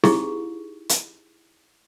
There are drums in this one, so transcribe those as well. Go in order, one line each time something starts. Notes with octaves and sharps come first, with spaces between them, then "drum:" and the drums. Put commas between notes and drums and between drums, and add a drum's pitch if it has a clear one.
D#4 E4 G4 G#4 C6 C#6, drum: snare C4
drum: hi-hat